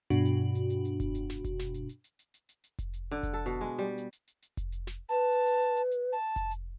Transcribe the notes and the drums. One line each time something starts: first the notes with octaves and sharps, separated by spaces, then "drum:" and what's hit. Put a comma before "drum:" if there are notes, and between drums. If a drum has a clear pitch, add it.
G2 B2 D4 F#4, drum: hi-hat
drum: hi-hat
drum: hi-hat
drum: hi-hat
drum: hi-hat
drum: kick F1, hi-hat
drum: hi-hat
drum: snare
drum: kick F1, hi-hat
drum: snare
drum: hi-hat
drum: hi-hat
drum: hi-hat
drum: hi-hat
drum: hi-hat
drum: hi-hat
drum: hi-hat
drum: kick F1, hi-hat
drum: hi-hat
D3
drum: kick F1, hi-hat
A4
B2
G#3
G3
drum: hi-hat
drum: hi-hat
drum: hi-hat
drum: hi-hat
drum: kick F1, hi-hat
drum: hi-hat
drum: snare
B4 A5
drum: hi-hat
drum: hi-hat
drum: hi-hat
drum: hi-hat
drum: hi-hat
A5
drum: kick F1, hi-hat
drum: hi-hat